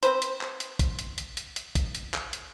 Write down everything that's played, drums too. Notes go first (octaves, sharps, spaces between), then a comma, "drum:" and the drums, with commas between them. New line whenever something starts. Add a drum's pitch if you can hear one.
C4 B4 C5, drum: hi-hat
drum: hi-hat
drum: clap
drum: hi-hat
drum: kick A#1, hi-hat
drum: hi-hat
drum: hi-hat
drum: hi-hat
drum: hi-hat
drum: kick A#1, hi-hat
drum: hi-hat
drum: clap
drum: hi-hat